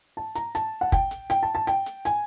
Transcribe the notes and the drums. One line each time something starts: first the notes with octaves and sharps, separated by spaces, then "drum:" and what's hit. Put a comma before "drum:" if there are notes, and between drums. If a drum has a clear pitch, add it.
A5
A#5, drum: hi-hat
A5, drum: hi-hat
F#5
G5, drum: kick, hi-hat
drum: hi-hat
G5, drum: hi-hat
A5
A5
G5, drum: hi-hat
drum: hi-hat
G#5, drum: hi-hat